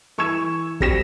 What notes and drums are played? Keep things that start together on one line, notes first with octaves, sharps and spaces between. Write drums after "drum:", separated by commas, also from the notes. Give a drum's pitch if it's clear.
E3 C#6 E6 G#6 E7
G3 C4 F#4 A#6 B6 E7, drum: kick